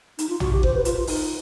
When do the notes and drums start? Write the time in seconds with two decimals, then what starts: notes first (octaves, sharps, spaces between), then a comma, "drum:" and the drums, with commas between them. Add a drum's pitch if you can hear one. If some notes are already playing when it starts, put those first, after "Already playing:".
0.19 D#4, drum: hi-hat
0.29 F4
0.40 F#4, drum: tom
0.53 G4
0.63 C5, drum: kick F#1
0.75 B4
0.85 F4, drum: hi-hat
0.97 F4
1.07 D#4, drum: open hi-hat